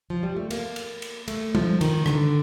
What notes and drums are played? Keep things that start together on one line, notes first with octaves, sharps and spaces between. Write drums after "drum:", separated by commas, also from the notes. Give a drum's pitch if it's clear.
F3
G3
A3
A#3, drum: cymbal
drum: cymbal
drum: cymbal
A3, drum: cymbal
F3, drum: tom G3
D#3, drum: cymbal
D3, drum: rim click